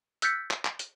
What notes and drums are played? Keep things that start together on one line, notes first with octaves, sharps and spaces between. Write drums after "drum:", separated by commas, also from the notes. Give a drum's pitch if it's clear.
E6 F#6 G6 A6 B6 C#7, drum: hi-hat
drum: clap
drum: clap
drum: hi-hat